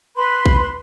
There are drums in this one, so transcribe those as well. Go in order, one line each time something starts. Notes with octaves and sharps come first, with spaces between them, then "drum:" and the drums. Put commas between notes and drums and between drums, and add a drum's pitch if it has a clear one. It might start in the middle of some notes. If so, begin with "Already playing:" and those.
B4 B5 C6
drum: kick B1